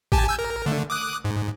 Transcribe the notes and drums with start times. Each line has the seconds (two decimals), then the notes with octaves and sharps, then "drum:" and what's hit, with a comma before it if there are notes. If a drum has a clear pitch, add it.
0.12 G4 G#5 A5, drum: kick G#1
0.27 G#5 E6 G6
0.39 A#4
0.66 D3 A3
0.90 D6 D#6 F#6
1.25 G#2